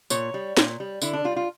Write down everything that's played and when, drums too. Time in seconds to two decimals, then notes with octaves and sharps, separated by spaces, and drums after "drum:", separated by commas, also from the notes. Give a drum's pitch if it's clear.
0.10 A#2 C#5, drum: tambourine
0.34 G3
0.57 A#2, drum: snare
0.80 G3
1.02 D3 E4, drum: tambourine
1.13 D4
1.24 G3 F4
1.36 F4